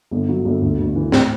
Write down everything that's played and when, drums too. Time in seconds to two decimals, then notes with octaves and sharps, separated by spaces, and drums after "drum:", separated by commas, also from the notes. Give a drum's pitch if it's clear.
0.11 G1
0.29 F#3
0.45 G1
0.62 D2
0.79 D2
0.95 E3
1.12 A2, drum: snare